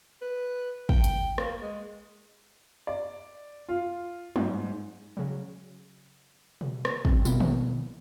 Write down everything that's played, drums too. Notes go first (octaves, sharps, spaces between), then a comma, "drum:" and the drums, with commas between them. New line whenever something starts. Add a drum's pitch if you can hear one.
B4
G5, drum: kick
drum: hi-hat
A#3, drum: rim click
G#3
D5
F4
G#2, drum: tom F#3
C#3 F#3
drum: tom B2
drum: rim click
D3 G3 C4, drum: kick
B2 A#3 B3 E4, drum: tambourine
drum: tom D3